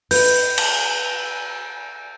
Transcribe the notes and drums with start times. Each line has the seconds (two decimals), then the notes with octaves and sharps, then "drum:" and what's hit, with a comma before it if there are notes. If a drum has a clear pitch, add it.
0.11 B4 G6, drum: open hi-hat
0.58 drum: cymbal